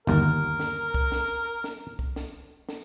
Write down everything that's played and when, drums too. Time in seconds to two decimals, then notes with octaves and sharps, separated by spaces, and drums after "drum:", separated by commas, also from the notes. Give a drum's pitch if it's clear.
0.07 G1 D#2 A#4, drum: snare
0.60 drum: snare
0.94 drum: kick C2
1.12 drum: snare
1.64 drum: snare
1.99 drum: kick C2
2.16 drum: snare
2.69 drum: snare